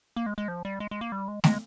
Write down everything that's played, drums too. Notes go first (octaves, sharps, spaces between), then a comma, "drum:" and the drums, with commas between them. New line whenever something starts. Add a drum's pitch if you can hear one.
A#3
G#3
G#3
F3
G3
G#3
G#3
A#3
G3
G#3
G#3, drum: snare